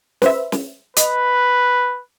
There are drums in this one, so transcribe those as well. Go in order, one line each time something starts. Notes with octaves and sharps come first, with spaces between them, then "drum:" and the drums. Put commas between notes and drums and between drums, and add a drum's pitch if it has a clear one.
B4 C5 E5, drum: snare
drum: snare
B4 D#5, drum: hi-hat